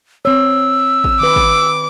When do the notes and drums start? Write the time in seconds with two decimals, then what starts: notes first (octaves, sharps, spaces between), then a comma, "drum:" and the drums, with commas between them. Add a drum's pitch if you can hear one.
0.25 C4 C#5 E6
1.04 drum: kick G#1
1.20 D#3 B4 D6
1.36 drum: kick G#1